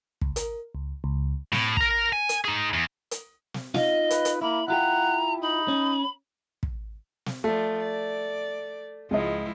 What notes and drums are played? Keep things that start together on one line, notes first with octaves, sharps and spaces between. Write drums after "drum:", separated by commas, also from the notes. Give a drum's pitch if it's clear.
C#2, drum: kick
A#4, drum: hi-hat
C#2
C#2
A2, drum: snare
A#4 A#5, drum: kick
G#5
drum: hi-hat
D#4 G#4
E2
drum: hi-hat
drum: snare
D#4 F4 D#5 F5, drum: snare
B4, drum: hi-hat
drum: hi-hat
A#3 E4 B5
E4 F4 G4 F#5 A#5
D#4 B5
C#4
drum: kick
drum: snare
F3 A3 D5
D5
C#2 F3 G#3 E4 D#5